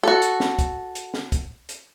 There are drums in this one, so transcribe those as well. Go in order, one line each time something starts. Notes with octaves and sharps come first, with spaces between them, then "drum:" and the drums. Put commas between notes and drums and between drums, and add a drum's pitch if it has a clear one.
F#4 A4
drum: hi-hat
drum: snare
drum: kick, hi-hat
drum: hi-hat
drum: snare
drum: kick, hi-hat
drum: hi-hat